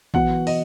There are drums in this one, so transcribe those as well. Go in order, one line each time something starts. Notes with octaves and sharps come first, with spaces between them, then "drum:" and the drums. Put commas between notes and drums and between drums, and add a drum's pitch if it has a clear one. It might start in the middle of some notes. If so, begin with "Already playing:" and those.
E3 B3 F#4 F#5, drum: kick
D#5, drum: open hi-hat